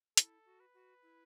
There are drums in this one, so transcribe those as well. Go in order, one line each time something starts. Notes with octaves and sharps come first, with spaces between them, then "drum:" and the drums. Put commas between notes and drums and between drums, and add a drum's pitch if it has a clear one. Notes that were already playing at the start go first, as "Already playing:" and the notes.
E4 A4, drum: hi-hat
F#4
B4
F#4
E4